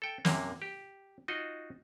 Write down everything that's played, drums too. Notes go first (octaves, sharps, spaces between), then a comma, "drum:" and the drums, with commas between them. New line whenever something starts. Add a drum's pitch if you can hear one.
A4 G5
F#2 C3 A#3, drum: snare
G4
D#4 F4 F#4 D#5